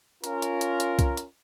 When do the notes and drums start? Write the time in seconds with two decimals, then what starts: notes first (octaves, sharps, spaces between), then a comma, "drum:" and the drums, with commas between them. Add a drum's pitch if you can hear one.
0.24 C#4 F4 A#4, drum: hi-hat
0.42 drum: hi-hat
0.61 drum: hi-hat
0.80 drum: hi-hat
0.99 drum: kick C2, hi-hat
1.17 drum: hi-hat